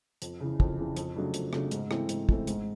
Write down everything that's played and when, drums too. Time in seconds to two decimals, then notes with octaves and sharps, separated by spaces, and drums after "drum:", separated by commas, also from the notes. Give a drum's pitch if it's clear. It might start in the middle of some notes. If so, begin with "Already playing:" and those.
0.22 F2, drum: hi-hat
0.40 C#3 E3
0.60 F2, drum: kick
0.79 C#3 E3
0.97 F2, drum: hi-hat
1.16 C#3 F#3 A3 D4
1.34 F2, drum: hi-hat
1.53 C#3 F#3 A3 D4, drum: rim click
1.71 G#2, drum: hi-hat
1.91 E3 A3 C4, drum: rim click
2.09 G#2, drum: hi-hat
2.29 E3 A3 C4, drum: kick
2.47 G#2, drum: hi-hat